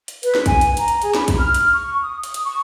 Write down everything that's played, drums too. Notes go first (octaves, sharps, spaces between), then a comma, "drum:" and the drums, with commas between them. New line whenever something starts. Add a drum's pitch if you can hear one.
drum: hi-hat
B4, drum: hi-hat
drum: snare
G#5, drum: kick, hi-hat
drum: hi-hat
A#5, drum: hi-hat
drum: hi-hat
G#4, drum: hi-hat
B5, drum: snare
drum: kick, hi-hat
F6
drum: hi-hat
C#6
D#6
D#6, drum: hi-hat
drum: hi-hat
C#6